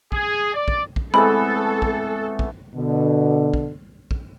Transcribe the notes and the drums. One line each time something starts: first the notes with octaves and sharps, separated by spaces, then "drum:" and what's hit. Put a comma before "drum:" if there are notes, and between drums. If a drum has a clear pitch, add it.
G#4, drum: kick
D5
drum: kick
drum: kick
E3 G#3 A3 B3 C4 A4 G#5 B5
drum: kick
drum: kick
B2 D3
drum: kick
drum: kick